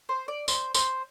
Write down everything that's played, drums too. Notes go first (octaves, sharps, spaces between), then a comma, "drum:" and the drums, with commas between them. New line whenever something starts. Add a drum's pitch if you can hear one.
C5
D5
C5, drum: tambourine
C5, drum: tambourine